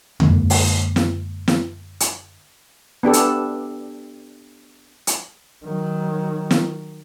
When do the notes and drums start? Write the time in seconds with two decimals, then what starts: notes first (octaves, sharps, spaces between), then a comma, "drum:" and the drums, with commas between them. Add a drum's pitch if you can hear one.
0.20 F#2 D3 G#3 A#3, drum: tom E2
0.50 drum: open hi-hat
0.96 drum: snare
1.48 drum: snare
2.00 drum: hi-hat
3.03 B3 D4 G4 A4
3.13 drum: hi-hat
5.07 drum: hi-hat
5.64 D#3 F#3
6.51 drum: snare